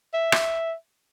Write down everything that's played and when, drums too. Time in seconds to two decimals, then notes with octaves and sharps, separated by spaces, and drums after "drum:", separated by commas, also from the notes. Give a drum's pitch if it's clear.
0.14 E5
0.32 drum: rim click